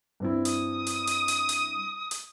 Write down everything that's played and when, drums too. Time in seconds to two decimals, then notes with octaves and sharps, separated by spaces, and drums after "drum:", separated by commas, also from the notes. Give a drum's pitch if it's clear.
0.20 G2 C4 E4
0.45 D#6, drum: hi-hat
0.87 drum: hi-hat
1.07 drum: hi-hat
1.28 drum: hi-hat
1.49 drum: hi-hat
2.11 drum: hi-hat